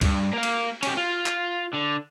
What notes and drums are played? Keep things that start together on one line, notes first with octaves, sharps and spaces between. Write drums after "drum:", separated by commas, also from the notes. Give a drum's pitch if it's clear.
C2 G2, drum: kick C#2, cymbal
A#3 F5
drum: cymbal
C#4 G4, drum: cymbal
F4
drum: clap
D3